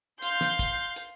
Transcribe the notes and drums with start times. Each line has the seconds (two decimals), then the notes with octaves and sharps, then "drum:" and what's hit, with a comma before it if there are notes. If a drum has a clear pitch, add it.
0.22 F5 C6 G6, drum: hi-hat
0.41 drum: snare
0.59 drum: kick, hi-hat
0.96 drum: hi-hat